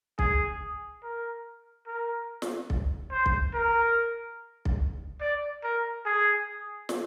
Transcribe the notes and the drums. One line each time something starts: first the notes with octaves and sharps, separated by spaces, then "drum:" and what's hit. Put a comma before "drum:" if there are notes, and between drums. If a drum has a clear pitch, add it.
G#4, drum: kick B1
A#4
A#4
drum: snare
drum: kick B1
C5
drum: kick B1
A#4
drum: kick B1
D5
A#4
G#4
drum: snare